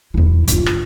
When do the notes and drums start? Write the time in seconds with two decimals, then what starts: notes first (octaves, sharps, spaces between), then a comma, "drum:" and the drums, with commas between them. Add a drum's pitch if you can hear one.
0.14 E2 E4
0.47 G1 F4, drum: hi-hat
0.66 drum: rim click